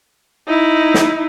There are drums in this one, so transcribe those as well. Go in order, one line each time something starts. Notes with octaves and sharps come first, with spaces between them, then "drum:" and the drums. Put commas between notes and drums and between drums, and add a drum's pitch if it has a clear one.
D#4 E4
drum: snare